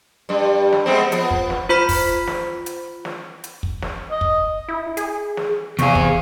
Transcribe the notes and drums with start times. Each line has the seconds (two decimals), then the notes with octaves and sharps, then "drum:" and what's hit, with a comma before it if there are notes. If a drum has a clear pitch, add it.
0.29 G2 G3
0.73 drum: snare
0.86 G#3 B3 C4
1.12 F3 B3, drum: hi-hat
1.31 drum: kick
1.50 drum: snare
1.69 F4 C5 B5 B6
1.89 drum: kick, open hi-hat
2.27 drum: snare
2.66 drum: hi-hat
3.05 drum: snare
3.44 drum: hi-hat
3.63 drum: kick
3.82 drum: snare
4.11 D#5
4.21 drum: kick
4.69 E4
4.97 G#4, drum: hi-hat
5.37 drum: snare
5.79 E2 C3 G#4 F5 C#6, drum: hi-hat
5.95 drum: kick